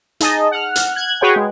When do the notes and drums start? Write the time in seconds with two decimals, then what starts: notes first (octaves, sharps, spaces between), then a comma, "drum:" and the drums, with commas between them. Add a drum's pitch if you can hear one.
0.20 D#4 G#4 D#5 A5, drum: hi-hat
0.51 F#5 F6
0.76 drum: hi-hat
0.95 F#6 G#6
1.21 F#4 G#4 B4 C#5 F#5 G5
1.36 G#3